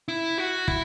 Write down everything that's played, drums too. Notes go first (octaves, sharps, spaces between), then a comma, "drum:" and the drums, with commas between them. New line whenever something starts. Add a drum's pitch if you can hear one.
E4
F#4
E4, drum: kick